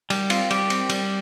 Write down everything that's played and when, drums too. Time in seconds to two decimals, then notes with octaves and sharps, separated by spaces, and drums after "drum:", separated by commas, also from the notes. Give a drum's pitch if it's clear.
0.10 G3, drum: cymbal
0.30 C4 F4, drum: cymbal
0.50 G3 G4, drum: cymbal
0.70 C4, drum: cymbal
0.89 G3, drum: cymbal